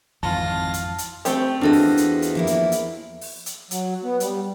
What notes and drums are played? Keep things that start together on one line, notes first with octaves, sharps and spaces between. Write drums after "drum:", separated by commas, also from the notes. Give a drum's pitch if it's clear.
G#1 F2 E3 F4 A5 A#6
drum: hi-hat
drum: hi-hat
A3 C4 G4, drum: hi-hat
E2 D4 F4 F#4 A4 D#5
drum: open hi-hat
drum: hi-hat
drum: hi-hat
F3 A#3 E4
drum: hi-hat
drum: hi-hat
drum: open hi-hat
drum: hi-hat
F#3, drum: hi-hat
B3
G3, drum: hi-hat